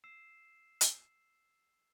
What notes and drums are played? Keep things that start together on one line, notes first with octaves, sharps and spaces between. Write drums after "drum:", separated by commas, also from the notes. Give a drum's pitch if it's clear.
E6 C7 E7
drum: hi-hat